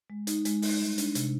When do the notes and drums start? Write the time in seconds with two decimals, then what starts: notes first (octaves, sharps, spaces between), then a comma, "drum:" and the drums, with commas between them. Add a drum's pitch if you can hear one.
0.10 G#3
0.27 D#4, drum: hi-hat
0.45 G#3, drum: hi-hat
0.62 D#4, drum: open hi-hat
0.80 G3
0.98 D4, drum: hi-hat
1.15 C3, drum: hi-hat